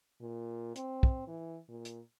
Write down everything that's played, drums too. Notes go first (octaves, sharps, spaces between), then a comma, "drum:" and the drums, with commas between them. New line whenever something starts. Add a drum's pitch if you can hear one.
A#2
C4, drum: hi-hat
drum: kick
E3
A#2
drum: hi-hat